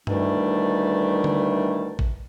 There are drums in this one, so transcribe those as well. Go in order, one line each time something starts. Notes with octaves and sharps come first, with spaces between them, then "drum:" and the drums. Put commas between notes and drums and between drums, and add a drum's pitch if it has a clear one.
D2 D#3 E3 G3 A3 D4, drum: tom G2
drum: tom D3
drum: kick A1